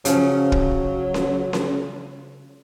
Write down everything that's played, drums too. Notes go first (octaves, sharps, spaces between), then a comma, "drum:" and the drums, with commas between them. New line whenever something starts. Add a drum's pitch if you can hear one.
C#3 F3 F#3 C#4, drum: hi-hat
drum: kick
drum: snare C#4
drum: snare C#4